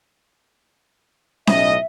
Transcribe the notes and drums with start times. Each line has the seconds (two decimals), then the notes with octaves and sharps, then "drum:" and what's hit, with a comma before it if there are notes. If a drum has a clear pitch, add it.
1.47 B1 A2 D#5 E5, drum: snare C#4